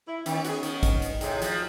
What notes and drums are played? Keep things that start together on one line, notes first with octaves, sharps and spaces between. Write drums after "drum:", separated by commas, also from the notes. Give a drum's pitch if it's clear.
E4
D#3 B3 C#4, drum: hi-hat
F#4 G#4, drum: hi-hat
D#3, drum: hi-hat
drum: kick, hi-hat
drum: hi-hat
A2 C3 G#4, drum: hi-hat
F3 F#3, drum: hi-hat